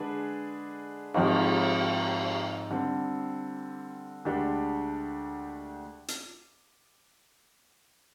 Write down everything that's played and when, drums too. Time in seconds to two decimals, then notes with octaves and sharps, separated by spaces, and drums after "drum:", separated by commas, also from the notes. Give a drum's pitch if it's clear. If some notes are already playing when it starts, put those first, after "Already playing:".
Already playing: D3 G#3 D4 G#4 B4
1.14 G#2 F3 C4 D#4, drum: cymbal
2.70 D3 G3 C4
4.25 D2 D3 G#3 D4 G4
6.08 drum: hi-hat